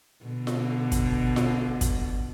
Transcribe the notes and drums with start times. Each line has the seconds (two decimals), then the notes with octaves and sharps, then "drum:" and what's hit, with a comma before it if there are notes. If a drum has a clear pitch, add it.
0.25 B2 D3
0.47 drum: snare F4
0.92 drum: kick, hi-hat
1.36 drum: snare F4
1.81 drum: kick, hi-hat